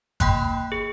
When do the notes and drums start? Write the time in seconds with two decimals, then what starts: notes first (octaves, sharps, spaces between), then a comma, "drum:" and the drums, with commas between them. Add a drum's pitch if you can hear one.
0.20 A#3 G5 B5 C6 F#6, drum: kick G1, hi-hat
0.72 G#4